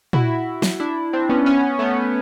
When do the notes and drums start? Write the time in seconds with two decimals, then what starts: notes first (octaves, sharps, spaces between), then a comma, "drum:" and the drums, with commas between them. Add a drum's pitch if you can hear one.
0.13 E4 F#4, drum: tom A#2
0.62 drum: snare
0.80 D4 E4
1.13 C4 D4
1.29 B3 C#4
1.46 B3 C#4
1.79 A3 B3